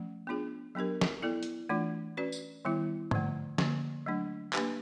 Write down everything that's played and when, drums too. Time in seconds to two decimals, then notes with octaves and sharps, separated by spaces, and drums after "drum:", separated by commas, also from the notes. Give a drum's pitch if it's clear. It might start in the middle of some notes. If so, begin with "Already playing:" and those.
Already playing: F3 A3 C#4
0.27 B3 D4 F4 G#4
0.75 F#3 B3 D4 G4 A#4
1.01 drum: snare
1.22 B3 E4 A4 D5
1.43 drum: hi-hat
1.69 E3 A3 D4 F4
2.17 C#4 F#4 B4 D5
2.32 drum: tambourine
2.65 D#3 G3 B3 E4
3.11 D3 F3 A3, drum: tom G#2
3.58 D3 F3 A#3, drum: snare
4.06 F#3 A3 D4
4.53 A#3 D4 G4 B4, drum: clap